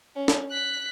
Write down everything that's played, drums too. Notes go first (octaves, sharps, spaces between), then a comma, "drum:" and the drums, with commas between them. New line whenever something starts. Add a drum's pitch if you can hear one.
C#4
drum: snare
F#6 B6